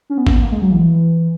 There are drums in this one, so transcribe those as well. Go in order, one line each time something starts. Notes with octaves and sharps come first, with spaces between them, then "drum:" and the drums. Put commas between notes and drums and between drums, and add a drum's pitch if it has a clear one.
C#4
B3
A#3, drum: kick A1
B3
A#3
G#3
F#3
E3